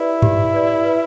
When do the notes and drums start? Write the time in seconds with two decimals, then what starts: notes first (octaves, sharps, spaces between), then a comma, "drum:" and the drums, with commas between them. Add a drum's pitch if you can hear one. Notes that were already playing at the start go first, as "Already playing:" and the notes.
Already playing: E4 G4 B4 D5
0.22 G4, drum: tom G2
0.54 B4 D5
0.85 B4